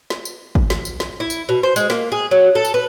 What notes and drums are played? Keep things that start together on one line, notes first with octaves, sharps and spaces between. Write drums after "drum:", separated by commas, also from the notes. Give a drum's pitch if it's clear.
drum: snare
drum: tambourine
drum: kick
drum: snare
drum: tambourine
drum: snare
E4
drum: tambourine
B2
C5
G#3, drum: tambourine
A#3, drum: snare
G#4
F#3
A4
drum: tambourine
B4